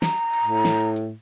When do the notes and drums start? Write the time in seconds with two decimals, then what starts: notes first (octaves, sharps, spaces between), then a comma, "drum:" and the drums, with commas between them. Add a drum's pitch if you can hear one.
0.02 A#5, drum: snare
0.18 drum: hi-hat
0.33 drum: hi-hat
0.43 A2
0.65 drum: snare
0.81 drum: hi-hat
0.96 drum: hi-hat